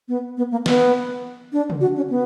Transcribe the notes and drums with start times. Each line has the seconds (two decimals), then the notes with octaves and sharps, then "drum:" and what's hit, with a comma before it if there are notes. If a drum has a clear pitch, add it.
0.08 B3
0.37 B3
0.51 A#3
0.66 B3, drum: snare
1.53 D4
1.70 drum: tom
1.81 F#4
1.96 C#4
2.10 B3